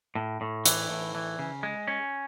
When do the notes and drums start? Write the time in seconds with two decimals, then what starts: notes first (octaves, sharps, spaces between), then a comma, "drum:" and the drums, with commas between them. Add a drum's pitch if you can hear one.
0.15 A2
0.41 A2
0.66 E3, drum: hi-hat
0.90 A2
1.15 E3
1.39 C#3
1.63 G#3
1.88 C#4